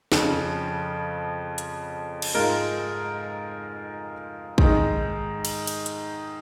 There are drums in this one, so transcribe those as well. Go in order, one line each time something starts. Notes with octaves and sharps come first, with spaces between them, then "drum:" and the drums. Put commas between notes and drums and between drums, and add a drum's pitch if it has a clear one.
F2 C#3 F3, drum: snare
drum: hi-hat
drum: cymbal
G#2 G#3 F4 A#4
G#2 D#3 G#3 D#4, drum: kick
drum: cymbal
drum: cymbal
drum: hi-hat